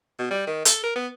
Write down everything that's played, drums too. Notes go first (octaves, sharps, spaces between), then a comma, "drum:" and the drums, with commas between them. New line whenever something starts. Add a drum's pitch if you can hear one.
B2
G3
D#3
A4, drum: hi-hat
A#4
B3